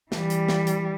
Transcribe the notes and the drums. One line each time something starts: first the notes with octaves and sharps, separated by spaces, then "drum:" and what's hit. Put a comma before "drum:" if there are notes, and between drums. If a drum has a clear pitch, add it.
E3 G3, drum: snare
drum: hi-hat
drum: snare
drum: hi-hat